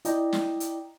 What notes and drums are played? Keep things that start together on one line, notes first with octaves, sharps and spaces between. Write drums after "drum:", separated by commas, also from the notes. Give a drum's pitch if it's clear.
E4 D5 D#5 G5 A#5, drum: hi-hat
drum: snare
drum: hi-hat